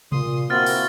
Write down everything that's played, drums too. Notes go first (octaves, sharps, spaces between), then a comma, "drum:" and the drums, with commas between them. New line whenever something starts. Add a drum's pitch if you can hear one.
A#2 C6 D#6, drum: tom C3
A#3 C4 E4 F#4 F6 A6
drum: open hi-hat